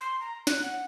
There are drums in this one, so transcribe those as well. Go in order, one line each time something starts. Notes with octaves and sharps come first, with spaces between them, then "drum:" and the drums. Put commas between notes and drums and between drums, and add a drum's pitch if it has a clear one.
C6
A#5
F#6, drum: snare
F#5